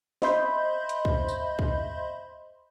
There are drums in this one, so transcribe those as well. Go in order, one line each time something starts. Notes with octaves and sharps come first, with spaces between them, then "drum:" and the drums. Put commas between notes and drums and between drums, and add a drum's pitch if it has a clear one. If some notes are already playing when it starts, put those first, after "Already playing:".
C5 D#5 E5 B5 C6 G6, drum: snare
drum: hi-hat
drum: kick C#2
drum: tambourine
drum: kick C#2